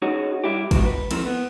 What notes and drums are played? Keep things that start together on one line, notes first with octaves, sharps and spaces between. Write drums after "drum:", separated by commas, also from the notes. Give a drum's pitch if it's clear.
C#4 D#4 F#4 G#4 C#5
G3 E4 G4
D#3 F3 F#3 G#3 B3 F4, drum: kick, cymbal
B4
D#3 F3 A3 C4 E4 A#4, drum: cymbal
B3